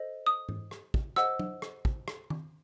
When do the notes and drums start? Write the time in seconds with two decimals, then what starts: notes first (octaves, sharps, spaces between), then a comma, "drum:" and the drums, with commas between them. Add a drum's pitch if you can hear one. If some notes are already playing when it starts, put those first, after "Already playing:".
Already playing: A4 C5 D#5
0.26 D#6
0.49 drum: tom G#2
0.71 drum: rim click
0.94 drum: kick
1.16 C5 D#5 F#5 E6, drum: rim click
1.39 drum: tom F#3
1.62 drum: rim click
1.85 drum: kick
2.08 drum: rim click
2.30 drum: tom D#3